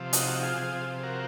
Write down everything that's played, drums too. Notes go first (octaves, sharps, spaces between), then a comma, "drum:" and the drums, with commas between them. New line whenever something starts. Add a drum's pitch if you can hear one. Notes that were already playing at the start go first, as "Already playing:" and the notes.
Already playing: C3 F3
D#4 F#4, drum: hi-hat
D#4 F#4
F4 G#4
C3 F3
F#4 A#4